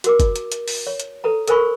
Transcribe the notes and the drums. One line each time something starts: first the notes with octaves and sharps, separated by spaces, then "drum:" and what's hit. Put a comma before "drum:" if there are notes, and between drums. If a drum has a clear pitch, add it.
F#4 A#4 D6, drum: hi-hat
drum: kick, hi-hat
drum: hi-hat
drum: hi-hat
drum: open hi-hat
C#5
drum: hi-hat
A4 B4 A#5
A4 A#4 C5 G#5 B5 C#6, drum: hi-hat